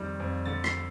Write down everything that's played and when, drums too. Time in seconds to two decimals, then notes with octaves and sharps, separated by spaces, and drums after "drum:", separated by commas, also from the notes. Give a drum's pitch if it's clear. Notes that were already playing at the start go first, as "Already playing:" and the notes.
Already playing: F2 D#3 G3
0.20 F2
0.46 D3 A6
0.64 C7, drum: rim click